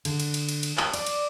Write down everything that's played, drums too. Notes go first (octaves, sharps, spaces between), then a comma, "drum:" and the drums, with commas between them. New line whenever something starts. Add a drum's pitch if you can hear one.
D3, drum: cymbal
drum: cymbal
drum: cymbal
drum: cymbal
drum: cymbal
drum: clap
D5, drum: cymbal
drum: cymbal